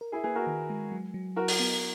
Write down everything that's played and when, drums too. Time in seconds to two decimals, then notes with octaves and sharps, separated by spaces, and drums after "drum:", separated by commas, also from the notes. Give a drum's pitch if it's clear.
0.01 A#4
0.12 E4 G#4
0.24 A#3 G#4 B4
0.35 F#4 A#4
0.47 D#3
0.70 G#3
0.92 F#3
1.14 F#3
1.36 E4 F#4 A#4
1.48 drum: open hi-hat
1.60 B3